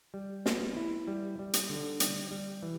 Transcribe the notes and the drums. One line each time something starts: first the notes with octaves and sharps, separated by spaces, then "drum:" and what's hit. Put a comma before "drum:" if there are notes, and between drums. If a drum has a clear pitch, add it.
G3
B3, drum: snare
E4
G3
G3
drum: hi-hat
D3
G3, drum: hi-hat
G3
E3